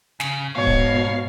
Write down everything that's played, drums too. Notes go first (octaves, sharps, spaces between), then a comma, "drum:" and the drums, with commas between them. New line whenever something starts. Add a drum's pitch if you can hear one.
C#3, drum: snare
G#2 B2 C#5 F5
drum: kick